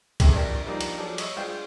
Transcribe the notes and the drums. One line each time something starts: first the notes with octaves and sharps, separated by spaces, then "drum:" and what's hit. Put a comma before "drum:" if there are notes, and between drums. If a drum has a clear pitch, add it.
G2 C3 E3 G#3 A3, drum: kick, cymbal
A#1 D4 G4 A#4
F3 G3 A#3 D4 D#4
drum: cymbal
F3 F#3 G#4 A4 D5
C#5 D#5 E5 C#6, drum: cymbal
G#3 D4 F4 C5 G5